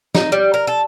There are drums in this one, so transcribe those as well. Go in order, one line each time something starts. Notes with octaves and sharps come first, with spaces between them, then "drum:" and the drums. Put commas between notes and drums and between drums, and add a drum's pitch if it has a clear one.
D#4, drum: snare
G3
A#4
A4